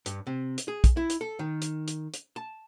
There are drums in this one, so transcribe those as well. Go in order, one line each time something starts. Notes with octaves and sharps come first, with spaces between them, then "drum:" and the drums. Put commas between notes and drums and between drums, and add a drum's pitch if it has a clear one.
G2, drum: hi-hat
C3
drum: hi-hat
G#4
drum: kick, hi-hat
E4
drum: hi-hat
A4
D#3
drum: hi-hat
drum: hi-hat
drum: hi-hat
A5